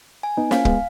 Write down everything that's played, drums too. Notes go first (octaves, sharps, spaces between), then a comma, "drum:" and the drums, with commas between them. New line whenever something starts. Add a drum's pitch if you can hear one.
G#5
B3 D#4
A#3 C#4 F5, drum: snare
G#3 B3, drum: kick